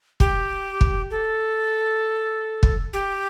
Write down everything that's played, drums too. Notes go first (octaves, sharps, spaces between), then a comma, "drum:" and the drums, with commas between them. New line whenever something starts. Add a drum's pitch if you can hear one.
G4, drum: kick
drum: kick
A4
drum: kick
G4